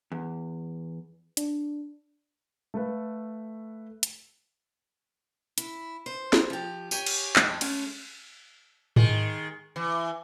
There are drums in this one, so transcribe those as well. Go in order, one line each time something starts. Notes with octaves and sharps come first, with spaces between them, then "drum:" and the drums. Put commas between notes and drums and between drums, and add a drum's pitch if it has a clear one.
E2
D4, drum: hi-hat
A3 A4 B4 F5
drum: hi-hat
E4, drum: hi-hat
C5
drum: snare
F3 G4
G4 C#5 G#5, drum: tambourine
drum: cymbal
F2 G#3 A3, drum: clap
G#3 A3 C#4, drum: cymbal
D#3 G#3, drum: tom G#2
E3